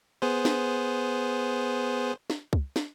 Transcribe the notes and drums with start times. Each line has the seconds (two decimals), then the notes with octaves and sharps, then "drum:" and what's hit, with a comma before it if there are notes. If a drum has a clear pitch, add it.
0.22 B3 G#4 C5
0.45 drum: snare
2.30 drum: snare
2.53 drum: kick
2.76 drum: snare